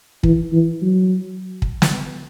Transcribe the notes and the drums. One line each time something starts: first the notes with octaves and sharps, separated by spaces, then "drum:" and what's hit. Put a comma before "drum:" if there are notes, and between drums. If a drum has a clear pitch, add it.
E3, drum: kick
E3
F#3
drum: kick
drum: snare